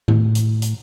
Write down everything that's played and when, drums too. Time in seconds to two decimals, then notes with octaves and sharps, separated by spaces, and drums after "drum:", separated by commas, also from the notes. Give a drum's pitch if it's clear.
0.08 A2, drum: tom D#3
0.35 drum: hi-hat
0.62 drum: hi-hat